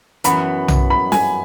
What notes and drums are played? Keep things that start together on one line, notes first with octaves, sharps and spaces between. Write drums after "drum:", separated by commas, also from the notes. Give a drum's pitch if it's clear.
F#2 E3 B3 B5, drum: hi-hat
drum: tom B1
B5
G#5, drum: snare